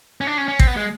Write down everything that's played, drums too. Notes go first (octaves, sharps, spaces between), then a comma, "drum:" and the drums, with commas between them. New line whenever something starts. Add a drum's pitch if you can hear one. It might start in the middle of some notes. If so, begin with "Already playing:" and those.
C#4
D4
C#4
C#4
C4, drum: kick A1
B3
G#3